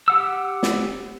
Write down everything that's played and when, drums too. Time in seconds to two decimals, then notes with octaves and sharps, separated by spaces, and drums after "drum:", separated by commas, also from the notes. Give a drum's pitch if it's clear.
0.08 G4 F#5 E6
0.63 drum: snare